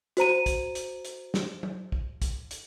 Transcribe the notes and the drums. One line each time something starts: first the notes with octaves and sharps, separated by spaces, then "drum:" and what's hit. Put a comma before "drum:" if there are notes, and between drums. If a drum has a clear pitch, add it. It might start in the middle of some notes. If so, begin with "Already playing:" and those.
F#4 C5 A#5 D#7, drum: hi-hat
drum: kick, hi-hat
drum: hi-hat
drum: hi-hat
drum: snare
drum: tom F#3
drum: kick
drum: kick, hi-hat
drum: hi-hat